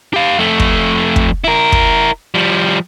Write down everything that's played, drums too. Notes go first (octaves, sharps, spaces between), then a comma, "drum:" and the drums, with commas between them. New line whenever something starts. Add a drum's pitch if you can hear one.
G4 F5
F2 A3
drum: kick
drum: kick
E4 A#4
drum: kick
F3 G3